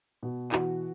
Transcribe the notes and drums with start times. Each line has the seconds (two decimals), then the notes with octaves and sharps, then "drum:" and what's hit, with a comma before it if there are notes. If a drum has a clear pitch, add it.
0.23 B2
0.52 E3 F#4, drum: clap